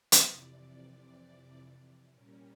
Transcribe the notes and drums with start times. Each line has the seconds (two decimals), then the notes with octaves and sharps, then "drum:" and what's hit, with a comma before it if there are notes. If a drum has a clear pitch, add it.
0.12 drum: hi-hat
0.24 F2 C3 E3 D5
2.13 A#2 G3 A#3 C#4